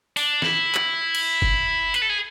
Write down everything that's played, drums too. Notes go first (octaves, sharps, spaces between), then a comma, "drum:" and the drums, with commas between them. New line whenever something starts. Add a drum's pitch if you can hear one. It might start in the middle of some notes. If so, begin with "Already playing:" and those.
D4, drum: open hi-hat
E4, drum: snare
drum: clap
drum: cymbal
drum: kick F#1
B4, drum: hi-hat
A4
G#4